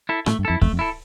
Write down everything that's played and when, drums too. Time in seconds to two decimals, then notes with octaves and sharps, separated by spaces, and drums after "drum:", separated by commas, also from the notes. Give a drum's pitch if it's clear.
0.09 E4 A4
0.26 A2 A3, drum: rim click
0.39 G2
0.45 F2 E4 A4
0.62 F2 A3, drum: kick
0.73 F2
0.79 E4 A4